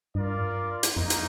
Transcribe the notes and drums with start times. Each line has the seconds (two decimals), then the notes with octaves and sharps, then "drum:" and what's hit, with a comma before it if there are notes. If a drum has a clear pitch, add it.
0.15 G2 F4 A#4 D5
0.83 drum: hi-hat
0.96 F2 A#3 D#4
1.10 drum: hi-hat